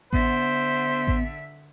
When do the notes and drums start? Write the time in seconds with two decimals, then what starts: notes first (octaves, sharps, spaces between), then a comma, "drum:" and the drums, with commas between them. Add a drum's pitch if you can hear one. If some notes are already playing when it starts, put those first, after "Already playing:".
0.13 D3 B3 C5 E5, drum: kick A1
1.07 drum: kick A1